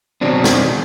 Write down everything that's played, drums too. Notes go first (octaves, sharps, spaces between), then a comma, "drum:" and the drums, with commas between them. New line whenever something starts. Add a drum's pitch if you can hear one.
B2 D#3 F#3 C4 D4
drum: snare